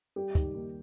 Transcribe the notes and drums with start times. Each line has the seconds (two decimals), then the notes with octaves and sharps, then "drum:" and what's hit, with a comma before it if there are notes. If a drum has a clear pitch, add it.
0.16 G3 G4
0.35 D#3, drum: kick, hi-hat
0.54 D#2